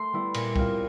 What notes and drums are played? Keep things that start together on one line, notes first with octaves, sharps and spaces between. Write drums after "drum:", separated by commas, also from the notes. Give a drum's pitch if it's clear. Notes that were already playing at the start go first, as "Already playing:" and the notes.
Already playing: A3 C6
G3 B3 E4
A#2, drum: cymbal
G3 C4 F4, drum: kick C2